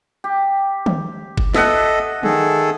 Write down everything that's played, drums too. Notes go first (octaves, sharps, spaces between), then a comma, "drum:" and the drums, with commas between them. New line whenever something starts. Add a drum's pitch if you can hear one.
G4
drum: tom
drum: kick G1
A4 D#5 E5 F#5, drum: snare
D#3 G#4 A4, drum: tom